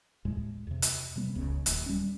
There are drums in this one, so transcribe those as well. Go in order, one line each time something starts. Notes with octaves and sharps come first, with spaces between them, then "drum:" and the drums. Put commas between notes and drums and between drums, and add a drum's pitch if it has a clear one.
D#2 A2 G#3
E2 C3
drum: hi-hat
C3 G3 B3
E1 C#2 C#3
D1 D#2, drum: hi-hat
G3 C#4